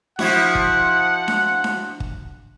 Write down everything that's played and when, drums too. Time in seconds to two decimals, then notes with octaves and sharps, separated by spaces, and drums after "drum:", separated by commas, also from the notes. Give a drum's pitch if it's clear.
0.19 F3 E4 F#4 F#5, drum: snare D4
0.55 drum: kick
1.28 drum: snare D4
1.64 drum: snare D4
2.00 drum: kick